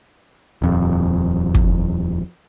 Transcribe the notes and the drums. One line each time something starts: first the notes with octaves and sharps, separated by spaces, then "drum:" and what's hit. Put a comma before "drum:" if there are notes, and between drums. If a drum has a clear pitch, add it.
D#1 F2
drum: kick